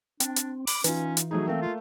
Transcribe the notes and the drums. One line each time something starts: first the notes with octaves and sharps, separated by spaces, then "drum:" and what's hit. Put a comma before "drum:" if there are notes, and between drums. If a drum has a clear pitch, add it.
C4 D4, drum: hi-hat
drum: hi-hat
B5 D6, drum: open hi-hat
E3 C#4 D#4 F4, drum: hi-hat
drum: hi-hat
F#3 A3 D#4 G#4
A3 A#3 C4 F5
F4